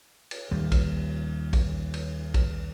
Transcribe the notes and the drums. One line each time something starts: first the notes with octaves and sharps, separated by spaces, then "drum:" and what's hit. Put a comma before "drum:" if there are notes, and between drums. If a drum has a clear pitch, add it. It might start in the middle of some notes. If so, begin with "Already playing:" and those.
drum: cymbal
D#2 G3
drum: kick A#1, cymbal
drum: kick A#1, cymbal
drum: cymbal
drum: kick A#1, cymbal